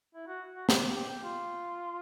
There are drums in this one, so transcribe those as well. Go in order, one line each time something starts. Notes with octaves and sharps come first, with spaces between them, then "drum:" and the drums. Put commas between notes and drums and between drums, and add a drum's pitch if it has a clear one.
E4
F#4
F#4
G4, drum: snare
G4
G4
F4